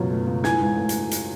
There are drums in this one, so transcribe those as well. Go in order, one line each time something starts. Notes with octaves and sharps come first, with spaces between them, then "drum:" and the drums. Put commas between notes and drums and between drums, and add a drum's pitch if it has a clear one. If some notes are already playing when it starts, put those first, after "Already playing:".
Already playing: C#2 F#2 B2
A3
C#2
E3 G#5 G#6, drum: snare
G#2
A3
drum: hi-hat
drum: hi-hat